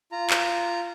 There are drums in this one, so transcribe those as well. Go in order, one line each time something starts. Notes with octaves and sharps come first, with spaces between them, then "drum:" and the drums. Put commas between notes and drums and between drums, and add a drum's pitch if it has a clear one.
F4 A#5
drum: clap